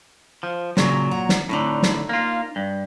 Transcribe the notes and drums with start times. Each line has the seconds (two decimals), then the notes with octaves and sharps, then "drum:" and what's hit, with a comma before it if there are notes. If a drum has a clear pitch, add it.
0.43 F3
0.77 A#2 C#3 F#3, drum: snare
1.11 F#5 A#5
1.29 drum: snare
1.49 A2 D3 C4 D4 D#4
1.83 drum: snare
2.09 A#3 F4
2.56 G2